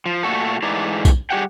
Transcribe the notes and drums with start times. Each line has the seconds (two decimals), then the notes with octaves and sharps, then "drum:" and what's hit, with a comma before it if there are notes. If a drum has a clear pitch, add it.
0.06 F3
0.23 A#2 A3 F#4 A4
0.63 G#2 E3 A3 G#4 D5 A#5
1.05 drum: kick B1, tambourine
1.30 G3 G4 G#4 F#5 G5